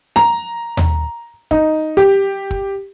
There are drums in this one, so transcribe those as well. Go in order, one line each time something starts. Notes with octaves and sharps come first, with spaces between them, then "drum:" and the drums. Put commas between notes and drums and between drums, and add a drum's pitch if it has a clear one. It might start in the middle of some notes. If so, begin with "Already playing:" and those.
A#5, drum: snare
drum: tom D#2
D#4, drum: kick
G4
drum: kick